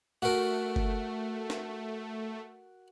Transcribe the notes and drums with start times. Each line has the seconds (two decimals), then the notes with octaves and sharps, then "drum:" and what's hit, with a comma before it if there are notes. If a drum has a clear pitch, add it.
0.22 A3 F#4 A#4
0.76 drum: kick F#1
1.50 drum: snare